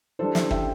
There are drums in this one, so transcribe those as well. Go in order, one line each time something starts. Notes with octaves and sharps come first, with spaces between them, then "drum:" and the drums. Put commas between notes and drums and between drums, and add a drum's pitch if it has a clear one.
E3 G3 D4 A4 C5
C5 E5, drum: snare
E5 G5, drum: kick